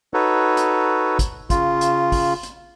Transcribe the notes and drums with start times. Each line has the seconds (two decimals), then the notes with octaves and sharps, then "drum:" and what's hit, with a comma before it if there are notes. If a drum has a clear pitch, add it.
0.14 D#4 F#4 A4 B4 C#5
0.57 drum: hi-hat
1.19 drum: kick, hi-hat
1.50 C#3 F4, drum: kick, hi-hat
1.81 drum: hi-hat
2.12 drum: kick, open hi-hat
2.43 drum: hi-hat